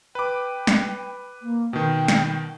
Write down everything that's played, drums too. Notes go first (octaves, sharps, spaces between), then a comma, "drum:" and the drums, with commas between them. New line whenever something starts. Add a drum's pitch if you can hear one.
B4 G5 D6
drum: snare
A#3
B2 D#3 G5
drum: snare